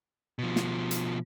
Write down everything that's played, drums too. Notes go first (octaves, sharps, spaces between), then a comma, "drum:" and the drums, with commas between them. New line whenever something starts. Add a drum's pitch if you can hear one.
B2 F3
drum: snare
drum: hi-hat